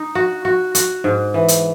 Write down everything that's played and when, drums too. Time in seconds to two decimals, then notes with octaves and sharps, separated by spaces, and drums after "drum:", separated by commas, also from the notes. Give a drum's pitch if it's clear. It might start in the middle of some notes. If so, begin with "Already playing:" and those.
Already playing: D#4
0.15 F#4
0.45 F#4
0.75 F#4, drum: hi-hat
1.04 G#2
1.34 E3
1.48 drum: hi-hat